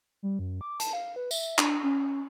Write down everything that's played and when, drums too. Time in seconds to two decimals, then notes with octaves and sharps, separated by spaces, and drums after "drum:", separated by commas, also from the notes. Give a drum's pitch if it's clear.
0.23 G3
0.39 F#2
0.61 D6
0.80 A5, drum: hi-hat
0.93 F5
1.16 B4
1.31 E5, drum: tambourine
1.58 D4, drum: clap
1.83 C#4